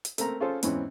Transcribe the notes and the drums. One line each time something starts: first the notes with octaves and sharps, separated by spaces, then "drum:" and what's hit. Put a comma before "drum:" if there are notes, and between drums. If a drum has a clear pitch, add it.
drum: hi-hat
A3 A#3 C4 A#4 A#5, drum: hi-hat
C#4 F4 G#4 A4 C5
E2 G#2 E3 C4 C#4, drum: hi-hat